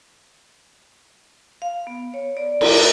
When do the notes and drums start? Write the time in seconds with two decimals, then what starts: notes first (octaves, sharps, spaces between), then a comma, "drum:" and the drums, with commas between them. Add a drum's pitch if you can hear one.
1.62 F5
1.87 B3
2.14 C#5
2.37 D5
2.61 drum: cymbal